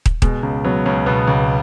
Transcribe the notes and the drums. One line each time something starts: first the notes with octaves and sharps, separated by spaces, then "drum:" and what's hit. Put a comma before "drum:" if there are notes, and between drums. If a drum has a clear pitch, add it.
drum: kick
B2 G#3, drum: kick
C#2
F#3 B3
C#2 C#4
B2 B3
C#2